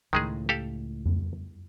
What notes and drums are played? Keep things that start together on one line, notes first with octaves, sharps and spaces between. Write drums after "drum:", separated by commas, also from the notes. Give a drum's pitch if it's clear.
C#2 A2 D#3 G#3 G#4
G4 A4 F5
drum: tom F2